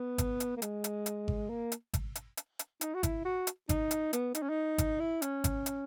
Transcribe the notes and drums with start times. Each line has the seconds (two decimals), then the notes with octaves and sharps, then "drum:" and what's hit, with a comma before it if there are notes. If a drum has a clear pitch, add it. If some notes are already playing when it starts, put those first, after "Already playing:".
Already playing: B3
0.18 drum: kick G#1, hi-hat
0.40 drum: hi-hat
0.57 A#3
0.62 G#3, drum: hi-hat
0.84 drum: hi-hat
1.06 drum: hi-hat
1.28 drum: kick G#1
1.50 A#3
1.72 drum: hi-hat
1.94 drum: kick G#1, hi-hat
2.15 drum: hi-hat
2.37 drum: hi-hat
2.59 drum: hi-hat
2.81 D#4, drum: hi-hat
2.94 F#4
3.03 E4, drum: kick G#1, hi-hat
3.25 F#4
3.47 drum: hi-hat
3.69 D#4, drum: kick G#1, hi-hat
3.91 drum: hi-hat
4.13 B3, drum: hi-hat
4.35 D#4, drum: hi-hat
4.42 C#4
4.49 D#4
4.78 drum: kick G#1, hi-hat
5.00 E4
5.22 C#4, drum: hi-hat
5.44 drum: kick G#1, hi-hat
5.66 drum: hi-hat